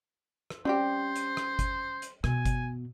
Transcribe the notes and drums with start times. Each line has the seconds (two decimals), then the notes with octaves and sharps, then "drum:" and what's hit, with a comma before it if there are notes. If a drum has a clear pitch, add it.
0.50 drum: rim click
0.65 G3 C4 C#4 G4 C5
1.15 drum: hi-hat
1.37 drum: rim click
1.59 drum: kick G1, hi-hat
2.02 drum: hi-hat
2.24 B2 G#5, drum: rim click
2.46 drum: kick G1, hi-hat